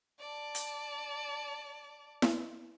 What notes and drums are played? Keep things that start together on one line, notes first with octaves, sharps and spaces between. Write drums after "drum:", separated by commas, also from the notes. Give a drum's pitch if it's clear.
D5 A5
drum: hi-hat
drum: snare E4